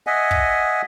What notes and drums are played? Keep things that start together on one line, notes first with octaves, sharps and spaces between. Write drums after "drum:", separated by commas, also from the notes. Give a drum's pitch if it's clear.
D#5 E5 F#5 G#5
drum: kick